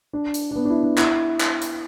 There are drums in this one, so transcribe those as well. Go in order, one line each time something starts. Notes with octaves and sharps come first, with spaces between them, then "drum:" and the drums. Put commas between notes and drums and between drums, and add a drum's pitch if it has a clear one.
D4
drum: hi-hat
D4
B3
D4
E4
D4
E4, drum: clap
drum: clap
drum: hi-hat